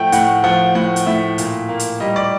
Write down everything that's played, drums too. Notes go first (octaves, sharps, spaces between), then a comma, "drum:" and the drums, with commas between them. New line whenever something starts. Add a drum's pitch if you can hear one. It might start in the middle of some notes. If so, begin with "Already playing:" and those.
Already playing: A2 F3 A3 F#5 G5
A2 F#5, drum: hi-hat
F3 F#5
A2 F#5
drum: hi-hat
A2 E5
A#2, drum: hi-hat
A#3
drum: hi-hat
G3 D#5
D5